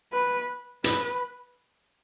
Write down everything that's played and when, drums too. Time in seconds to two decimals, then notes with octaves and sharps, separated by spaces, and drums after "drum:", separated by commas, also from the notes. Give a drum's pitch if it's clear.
0.12 B4
0.84 B4, drum: hi-hat